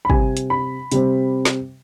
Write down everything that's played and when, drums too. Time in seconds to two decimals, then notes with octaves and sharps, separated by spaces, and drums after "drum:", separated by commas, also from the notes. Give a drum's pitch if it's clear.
0.05 B5
0.10 C3 G3 C4 G#5, drum: kick
0.37 drum: hi-hat
0.50 B5
0.92 C3 G3 C4, drum: hi-hat
1.45 drum: snare